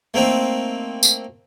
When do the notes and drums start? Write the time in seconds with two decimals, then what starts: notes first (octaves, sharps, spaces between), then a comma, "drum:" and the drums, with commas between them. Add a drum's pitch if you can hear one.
0.14 A3 A#3 C4 D#4
1.03 drum: tambourine